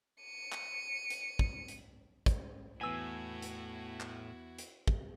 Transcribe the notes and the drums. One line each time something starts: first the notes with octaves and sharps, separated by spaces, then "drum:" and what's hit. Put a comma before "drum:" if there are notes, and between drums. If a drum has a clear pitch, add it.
C#7 D#7
drum: clap
drum: hi-hat
drum: kick
drum: hi-hat
drum: kick, hi-hat
E2 A2 B3 E4 F#4 G#5 E6 G#6
drum: hi-hat
drum: clap
drum: hi-hat
drum: kick